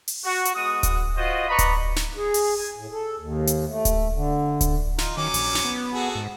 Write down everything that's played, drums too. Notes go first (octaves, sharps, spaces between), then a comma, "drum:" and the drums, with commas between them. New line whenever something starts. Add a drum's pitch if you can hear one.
drum: open hi-hat
F#4
drum: hi-hat
G#3 B3 F#4 D#6
drum: kick D1, hi-hat
F4 F#4 C5 D#5
B4 D5 D#5 A#5 B5 C#6
drum: kick D1, hi-hat
drum: snare
G#4
drum: open hi-hat
G#5
A2
A4
D#2
drum: hi-hat
A3
drum: kick D1, hi-hat
D3
drum: kick D1, hi-hat
D#4 F4, drum: snare
D#3 F#3 C#4 D6
A#1, drum: open hi-hat
drum: snare
B3
F#4 G#4 A4
G#2